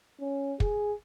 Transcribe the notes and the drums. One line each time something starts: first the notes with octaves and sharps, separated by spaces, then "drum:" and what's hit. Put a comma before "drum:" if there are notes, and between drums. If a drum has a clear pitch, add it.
C#4
G#4, drum: kick